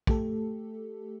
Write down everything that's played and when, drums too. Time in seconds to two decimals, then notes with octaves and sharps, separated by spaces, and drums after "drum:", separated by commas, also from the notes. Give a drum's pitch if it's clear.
0.07 A3 G4 A4, drum: kick